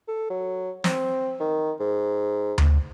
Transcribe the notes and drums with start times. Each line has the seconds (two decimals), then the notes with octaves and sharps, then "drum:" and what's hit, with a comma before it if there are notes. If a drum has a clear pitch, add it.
0.08 A4
0.30 F#3
0.84 C4, drum: snare
1.40 D#3
1.79 G#2
2.58 drum: tom D2